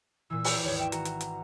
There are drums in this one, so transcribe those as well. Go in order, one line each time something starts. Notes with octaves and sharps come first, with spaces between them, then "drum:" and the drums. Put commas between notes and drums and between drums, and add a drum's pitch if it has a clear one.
A#2 E3 E6
B4 D5 G5, drum: open hi-hat
G#1 D#2 C#5
E5 G5
F#4 A#5, drum: hi-hat
drum: hi-hat
drum: hi-hat